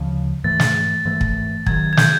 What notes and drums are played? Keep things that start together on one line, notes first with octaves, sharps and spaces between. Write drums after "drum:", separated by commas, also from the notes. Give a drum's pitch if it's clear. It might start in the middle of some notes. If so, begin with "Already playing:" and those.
Already playing: D2 C#3 F3
G#2 E3 A3 A6
drum: snare
G#2 E3 A3
drum: kick
C3 D#3 F#3 G#6, drum: kick
G#6
G6, drum: snare